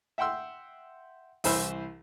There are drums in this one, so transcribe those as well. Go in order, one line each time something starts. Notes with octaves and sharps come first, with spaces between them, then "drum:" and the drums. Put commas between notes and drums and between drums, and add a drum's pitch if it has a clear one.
E5 F#5 G5 C6 E6
C2 E3 C5 B5 E6, drum: open hi-hat